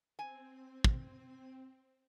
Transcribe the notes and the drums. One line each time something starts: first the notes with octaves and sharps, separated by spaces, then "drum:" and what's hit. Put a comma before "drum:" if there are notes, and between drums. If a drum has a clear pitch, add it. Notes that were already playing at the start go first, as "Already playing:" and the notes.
C4 G#5
drum: kick